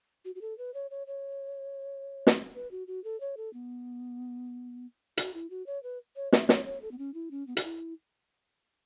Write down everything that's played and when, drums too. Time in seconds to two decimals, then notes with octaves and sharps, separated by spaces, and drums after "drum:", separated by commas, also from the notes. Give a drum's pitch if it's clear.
0.25 F#4
0.35 F#4
0.41 A4
0.58 B4
0.74 C#5
0.91 C#5
1.07 C#5
2.27 drum: snare
2.55 B4
2.71 F#4
2.88 F#4
3.04 A4
3.20 C#5
3.37 A4
3.53 B3
5.17 F#4, drum: hi-hat
5.34 E4
5.50 F#4
5.67 C#5
5.83 B4
6.16 C#5
6.32 E5, drum: snare
6.49 C#5, drum: snare
6.65 C#5
6.82 A4
6.91 B3
6.98 C#4
7.14 E4
7.31 C#4
7.47 B3
7.57 F#4, drum: hi-hat
7.64 E4